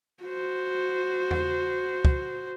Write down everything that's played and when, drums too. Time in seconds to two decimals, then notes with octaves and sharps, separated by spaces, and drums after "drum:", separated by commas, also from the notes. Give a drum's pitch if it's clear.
0.23 F#4 C5
1.31 drum: tom E2
2.05 drum: kick